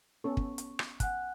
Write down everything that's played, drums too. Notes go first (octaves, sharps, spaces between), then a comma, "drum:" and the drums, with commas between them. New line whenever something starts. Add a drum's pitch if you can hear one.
B3 C#4 A4 C#6
drum: kick
drum: hi-hat
drum: rim click
F#5 G#5 F#6, drum: kick, hi-hat